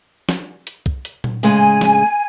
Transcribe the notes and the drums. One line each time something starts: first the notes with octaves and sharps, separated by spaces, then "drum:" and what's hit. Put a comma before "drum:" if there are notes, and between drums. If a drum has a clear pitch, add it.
drum: snare
drum: hi-hat
drum: kick
drum: hi-hat
drum: tom A#2
A2 C#3 G#3 G#5, drum: open hi-hat
drum: snare